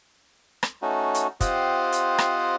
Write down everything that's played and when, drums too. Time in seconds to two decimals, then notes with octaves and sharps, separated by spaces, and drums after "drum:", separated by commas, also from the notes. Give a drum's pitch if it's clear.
0.63 drum: rim click
0.82 A3 C#4 D#4 F#4
1.15 drum: hi-hat
1.41 C4 F4 G4 C5 D#5 F#5, drum: kick, hi-hat
1.92 drum: hi-hat
2.18 drum: rim click